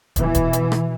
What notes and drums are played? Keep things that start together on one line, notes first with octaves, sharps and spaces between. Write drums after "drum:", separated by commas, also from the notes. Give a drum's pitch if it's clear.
B2 E3, drum: kick, hi-hat
drum: kick, hi-hat
drum: hi-hat
drum: rim click